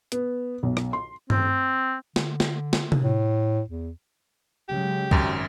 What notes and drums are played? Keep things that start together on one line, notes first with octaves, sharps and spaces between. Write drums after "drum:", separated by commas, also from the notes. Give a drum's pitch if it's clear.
B3, drum: hi-hat
B1
drum: rim click
C6
C4, drum: tom G2
D3, drum: snare
drum: snare
drum: snare
drum: tom C3
A2
E2
C#3 F#3 G#3 G4
G#1 F#2, drum: kick